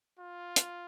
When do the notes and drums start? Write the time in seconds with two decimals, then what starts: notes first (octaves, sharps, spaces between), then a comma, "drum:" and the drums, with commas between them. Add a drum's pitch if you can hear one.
0.19 F4
0.56 drum: hi-hat